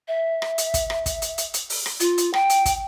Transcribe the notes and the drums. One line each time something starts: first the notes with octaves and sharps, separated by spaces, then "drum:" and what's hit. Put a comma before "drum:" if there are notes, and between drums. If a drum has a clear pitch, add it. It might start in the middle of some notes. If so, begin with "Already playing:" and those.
E5
drum: rim click
drum: hi-hat
drum: kick, hi-hat
drum: rim click
drum: kick, hi-hat
drum: hi-hat
drum: hi-hat
drum: hi-hat
drum: open hi-hat
drum: rim click
F4, drum: hi-hat
drum: hi-hat
G5, drum: rim click
drum: hi-hat
drum: kick, hi-hat